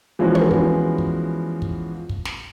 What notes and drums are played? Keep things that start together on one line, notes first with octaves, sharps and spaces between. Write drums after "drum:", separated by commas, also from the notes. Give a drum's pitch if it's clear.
E3 F3 G#3 B3 C#4 F#4
drum: tom
drum: kick
drum: kick
drum: kick
drum: kick
drum: snare